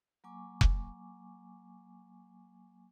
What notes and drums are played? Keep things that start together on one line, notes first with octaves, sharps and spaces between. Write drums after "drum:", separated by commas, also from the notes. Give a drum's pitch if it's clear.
F#3 A#3 G#5 C#6 D6
drum: kick F1